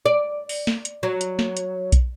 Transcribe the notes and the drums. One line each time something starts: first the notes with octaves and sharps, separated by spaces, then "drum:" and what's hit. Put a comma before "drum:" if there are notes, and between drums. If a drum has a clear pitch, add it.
D5
drum: open hi-hat
drum: snare
drum: hi-hat
F#3
drum: hi-hat
drum: snare
drum: hi-hat
drum: kick B1, hi-hat